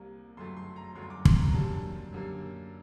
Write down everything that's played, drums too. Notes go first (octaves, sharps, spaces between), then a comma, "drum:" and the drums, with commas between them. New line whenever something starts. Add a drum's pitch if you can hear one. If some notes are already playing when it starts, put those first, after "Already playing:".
Already playing: C2 C3 G3 A#3
G1 F#2 F#3 A3 C6
C6
A#5
G1 F#2 F#3 A3 C6
D6
C6, drum: kick
A#5
F#2 D3 G3 A#3 A5
F#2 D3 G3 A#3